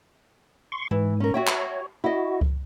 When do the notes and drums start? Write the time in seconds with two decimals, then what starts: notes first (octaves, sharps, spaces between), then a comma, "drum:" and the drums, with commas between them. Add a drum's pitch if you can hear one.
0.72 C6 C#6
0.91 G#2 E3
1.20 C#4 A#4
1.34 F#4 C#5 E5 G5
1.47 drum: clap
2.04 E4 F#4 D#5
2.41 drum: kick C#2